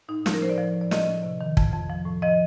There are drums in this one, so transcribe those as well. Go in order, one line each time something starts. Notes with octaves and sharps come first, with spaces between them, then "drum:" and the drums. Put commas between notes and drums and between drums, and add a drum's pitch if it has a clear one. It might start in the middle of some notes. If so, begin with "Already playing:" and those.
A2 D#4
F3, drum: snare
A#4
A2 C5
D5
F3
A2
D5
F3 D#5, drum: snare
A2
C3
D#3
F2, drum: kick
F2
F3
A2
F3 D#5